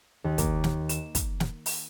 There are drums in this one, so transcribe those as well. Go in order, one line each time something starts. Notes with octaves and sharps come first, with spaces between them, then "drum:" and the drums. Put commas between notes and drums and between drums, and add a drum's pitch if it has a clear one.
D#2
A#3, drum: kick, hi-hat
drum: snare
E7, drum: hi-hat
drum: kick, hi-hat
drum: snare
drum: open hi-hat